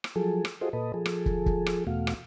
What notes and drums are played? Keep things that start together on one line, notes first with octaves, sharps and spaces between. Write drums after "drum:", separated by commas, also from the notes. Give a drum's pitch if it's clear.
drum: rim click
F3 F#3 G#4 A4
drum: rim click
F4 F#4 G#4 A4 C5 D#5
A#2 A4 B4 D#5
F3 G#4 A4
drum: rim click
drum: kick
drum: kick
drum: rim click
E2 B2 A3 F#4 F5
drum: rim click